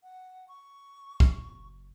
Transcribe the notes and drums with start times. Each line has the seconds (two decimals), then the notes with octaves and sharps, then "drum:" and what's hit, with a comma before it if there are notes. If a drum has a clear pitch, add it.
0.03 F#5
0.48 C#6
1.20 drum: kick
1.49 F#1 F#3